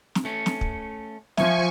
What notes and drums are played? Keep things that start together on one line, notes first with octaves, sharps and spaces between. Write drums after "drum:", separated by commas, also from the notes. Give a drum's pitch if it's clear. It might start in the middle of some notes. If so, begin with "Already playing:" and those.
drum: snare
A3 C#4
drum: snare
drum: kick
F3 E5 G#5 C#6, drum: snare